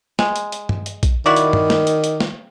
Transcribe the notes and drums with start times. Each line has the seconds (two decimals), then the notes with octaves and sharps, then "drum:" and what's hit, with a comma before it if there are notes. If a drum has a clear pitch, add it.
0.19 G#3, drum: snare
0.36 drum: hi-hat
0.52 drum: hi-hat
0.69 drum: tom G2
0.86 drum: hi-hat
1.03 drum: kick A#1, hi-hat
1.26 D#3 E4 F#4 D5
1.36 drum: hi-hat
1.53 drum: tom G2
1.70 drum: snare
1.87 drum: hi-hat
2.04 drum: hi-hat
2.20 drum: snare